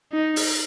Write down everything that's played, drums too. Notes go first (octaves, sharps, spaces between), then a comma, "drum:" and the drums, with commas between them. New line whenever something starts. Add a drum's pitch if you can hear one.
D#4
drum: open hi-hat